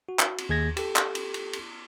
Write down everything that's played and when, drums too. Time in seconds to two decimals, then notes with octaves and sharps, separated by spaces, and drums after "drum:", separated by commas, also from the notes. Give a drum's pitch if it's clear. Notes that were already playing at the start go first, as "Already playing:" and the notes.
0.09 F#4
0.19 drum: clap
0.38 drum: cymbal
0.49 D#2 G#4 G#6 A#6
0.77 G4 A4, drum: cymbal
0.96 drum: clap
1.15 drum: cymbal
1.34 drum: cymbal
1.53 drum: cymbal